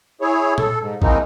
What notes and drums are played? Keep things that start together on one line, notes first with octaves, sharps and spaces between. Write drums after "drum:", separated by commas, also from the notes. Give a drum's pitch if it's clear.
E4 G#4 C#5
A4, drum: tom A#2
G#2
E3 F3 G#3 A#3 C4 D#4, drum: kick A1